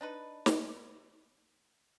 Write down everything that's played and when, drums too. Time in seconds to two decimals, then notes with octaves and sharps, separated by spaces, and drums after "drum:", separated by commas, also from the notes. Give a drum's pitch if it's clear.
0.01 D4 D#4 B4
0.46 drum: snare